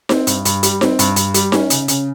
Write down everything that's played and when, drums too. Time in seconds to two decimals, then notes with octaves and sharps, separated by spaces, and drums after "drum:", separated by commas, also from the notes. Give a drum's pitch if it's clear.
0.09 C4, drum: snare D#4
0.27 G2, drum: hi-hat
0.45 G2, drum: hi-hat
0.63 G3, drum: hi-hat
0.81 C4, drum: snare D#4
0.99 G2, drum: hi-hat
1.16 G2, drum: hi-hat
1.34 G3, drum: hi-hat
1.52 C#4, drum: snare D#4
1.70 C#3, drum: hi-hat
1.88 C#3, drum: hi-hat